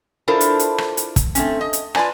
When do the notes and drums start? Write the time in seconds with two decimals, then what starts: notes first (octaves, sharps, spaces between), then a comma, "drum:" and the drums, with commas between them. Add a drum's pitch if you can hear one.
0.28 D4 E4 F4 A4 A#4 C5
0.41 drum: hi-hat
0.59 drum: hi-hat
0.78 drum: rim click
0.97 drum: hi-hat
1.16 drum: kick, hi-hat
1.35 A3 C4 C#4, drum: hi-hat
1.61 D#5
1.73 drum: hi-hat
1.95 F4 B4 D5 G#5 A5, drum: rim click